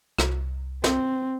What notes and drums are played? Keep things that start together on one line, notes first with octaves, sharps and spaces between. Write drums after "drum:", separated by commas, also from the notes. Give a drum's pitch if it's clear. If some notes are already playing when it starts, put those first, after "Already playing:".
C2, drum: rim click
C4, drum: snare